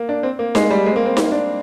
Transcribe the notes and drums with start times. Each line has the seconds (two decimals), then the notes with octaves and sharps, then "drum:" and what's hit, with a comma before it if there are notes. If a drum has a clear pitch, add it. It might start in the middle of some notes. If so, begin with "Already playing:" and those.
Already playing: A#3
0.09 D4
0.23 C4
0.39 A#3
0.55 G#3, drum: snare D#4
0.70 G3
0.86 G#3
0.92 C4
0.96 A#3
1.06 C4
1.17 drum: snare D#4
1.32 D4